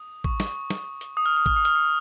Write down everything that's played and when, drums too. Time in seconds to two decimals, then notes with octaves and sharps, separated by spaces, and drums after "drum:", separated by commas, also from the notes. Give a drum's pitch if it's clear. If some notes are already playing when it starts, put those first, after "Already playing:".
Already playing: D#6
0.24 C#6, drum: kick A1
0.40 drum: snare
0.70 drum: snare
1.01 drum: hi-hat
1.17 D#6
1.26 F6
1.37 D#6
1.46 F6, drum: kick A1
1.56 D#6
1.65 F6, drum: hi-hat
1.76 D#6